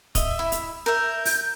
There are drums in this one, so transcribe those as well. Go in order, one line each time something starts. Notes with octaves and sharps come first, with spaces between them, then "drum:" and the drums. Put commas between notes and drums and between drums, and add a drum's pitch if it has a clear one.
D#5 E5, drum: kick, hi-hat
E4
drum: hi-hat
A#4 E5 G6
drum: open hi-hat